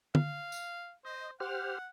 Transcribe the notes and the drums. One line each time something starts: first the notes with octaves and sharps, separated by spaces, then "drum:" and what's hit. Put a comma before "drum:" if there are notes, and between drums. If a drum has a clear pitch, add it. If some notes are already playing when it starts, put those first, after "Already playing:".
F5, drum: tom
drum: tambourine
C5 D#5
G4 C5 F#5 F6